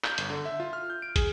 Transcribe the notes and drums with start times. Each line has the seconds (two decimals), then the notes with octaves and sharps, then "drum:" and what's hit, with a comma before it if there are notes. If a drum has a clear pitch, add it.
0.04 G6, drum: clap
0.18 G1, drum: hi-hat
0.30 D3
0.46 E5
0.60 F4
0.73 F6
0.90 G6
1.02 D7
1.16 G#4, drum: kick, hi-hat